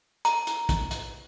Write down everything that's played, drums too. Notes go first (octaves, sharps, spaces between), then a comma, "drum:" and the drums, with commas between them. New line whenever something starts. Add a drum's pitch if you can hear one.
A#5, drum: hi-hat
drum: hi-hat
drum: kick, hi-hat
drum: hi-hat